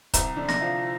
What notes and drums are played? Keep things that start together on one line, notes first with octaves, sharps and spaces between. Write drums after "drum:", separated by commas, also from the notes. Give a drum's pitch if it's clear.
C2 C3 A#5, drum: kick, hi-hat
D3 D4
A#6, drum: snare
F3 F4